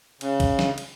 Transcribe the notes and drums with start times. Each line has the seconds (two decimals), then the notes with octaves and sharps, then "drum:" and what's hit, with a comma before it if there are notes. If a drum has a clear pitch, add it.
0.21 C#3, drum: cymbal
0.40 drum: kick, cymbal
0.59 drum: snare
0.78 drum: cymbal